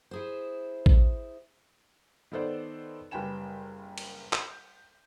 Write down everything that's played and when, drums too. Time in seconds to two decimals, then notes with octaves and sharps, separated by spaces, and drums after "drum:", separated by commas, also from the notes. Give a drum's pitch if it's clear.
0.11 E4 G#4 C5
0.86 drum: kick
2.32 D#3 B3 A4 C5 D5
3.11 F#1 G3 B4 G5 G#5 E7
3.98 drum: cymbal
4.33 G6, drum: clap